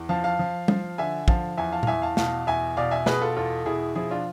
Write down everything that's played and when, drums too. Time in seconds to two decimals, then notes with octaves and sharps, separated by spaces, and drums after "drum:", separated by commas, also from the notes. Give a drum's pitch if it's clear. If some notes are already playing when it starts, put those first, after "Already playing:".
Already playing: E2
0.09 F3 F5 A5
0.24 F5 A5
0.39 F3
0.68 F3, drum: tom G3
0.98 D3 E5 G#5
1.28 F3 F5 A5, drum: kick
1.57 E2 E5 G#5
1.72 F5 A5
1.83 F5, drum: tom A#2
1.87 E2 E5 G#5
2.02 F5 A5
2.17 B2 F5 A5, drum: snare
2.47 E2 E5 G#5
2.77 B2 D5 F5
2.91 E5 G#5
3.06 B2 G#4 B4, drum: snare
3.22 F4 A4
3.37 E2 F4 A4
3.66 B2 E4 G#4
3.95 F3 E4 G#4
4.10 D4 F4